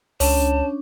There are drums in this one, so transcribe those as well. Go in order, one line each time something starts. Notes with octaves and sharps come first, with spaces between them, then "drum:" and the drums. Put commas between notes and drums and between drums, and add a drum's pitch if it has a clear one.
C#2 C#4 D4 C#5 A5, drum: open hi-hat